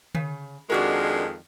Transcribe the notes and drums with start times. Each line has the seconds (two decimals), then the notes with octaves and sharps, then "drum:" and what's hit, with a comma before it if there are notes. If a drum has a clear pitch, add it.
0.15 C#3, drum: tom D3
0.70 F2 D#3 G#3 D4 F#4 A#4